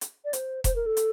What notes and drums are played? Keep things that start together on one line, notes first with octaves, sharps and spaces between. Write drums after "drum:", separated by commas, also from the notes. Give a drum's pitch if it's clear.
drum: hi-hat
D5
C5, drum: hi-hat
C5, drum: kick E1, hi-hat
A#4
A4
drum: hi-hat